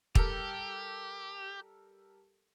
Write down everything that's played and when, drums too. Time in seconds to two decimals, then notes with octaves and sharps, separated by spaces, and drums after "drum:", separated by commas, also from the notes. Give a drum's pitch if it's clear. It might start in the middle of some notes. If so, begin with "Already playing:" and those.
0.15 G3 G4 A4 A#4, drum: kick